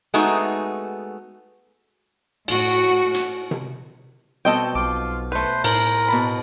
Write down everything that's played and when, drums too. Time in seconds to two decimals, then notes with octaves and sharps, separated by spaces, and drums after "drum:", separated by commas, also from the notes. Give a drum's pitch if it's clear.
0.14 G#3 A3 B3 D#4 F#4
2.48 A2 F#4, drum: cymbal
3.14 drum: hi-hat
3.51 drum: tom C3
4.45 B2 G3 C4 A4 D#5 G5
4.75 B1 F4 D6
5.32 A3 B4 C5
5.64 A2 A#4 C5, drum: cymbal
6.08 B2 A5 B5